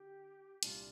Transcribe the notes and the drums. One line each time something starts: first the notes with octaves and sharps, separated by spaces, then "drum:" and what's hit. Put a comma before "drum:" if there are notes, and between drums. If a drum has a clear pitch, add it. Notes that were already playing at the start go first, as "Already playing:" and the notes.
Already playing: D3 G4
C2 A#2 G3 D4 F4, drum: hi-hat